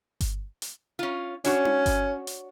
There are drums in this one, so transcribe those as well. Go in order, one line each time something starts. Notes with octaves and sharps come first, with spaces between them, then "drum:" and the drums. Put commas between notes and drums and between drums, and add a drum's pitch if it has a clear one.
drum: kick G1, hi-hat
drum: hi-hat
C#4 F4
C#4 D4 F#4 C#5, drum: hi-hat
drum: tom D#4
drum: kick G1, hi-hat
drum: hi-hat